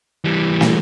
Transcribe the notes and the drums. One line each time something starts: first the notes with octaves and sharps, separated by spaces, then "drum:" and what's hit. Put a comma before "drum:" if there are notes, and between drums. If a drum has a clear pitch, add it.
E3 G3
drum: snare